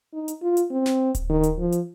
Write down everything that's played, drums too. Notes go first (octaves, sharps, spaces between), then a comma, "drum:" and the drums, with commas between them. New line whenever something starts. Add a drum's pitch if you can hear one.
D#4
drum: hi-hat
F4
drum: hi-hat
C4
drum: snare
drum: kick D1, hi-hat
D#3
drum: hi-hat
F3
drum: hi-hat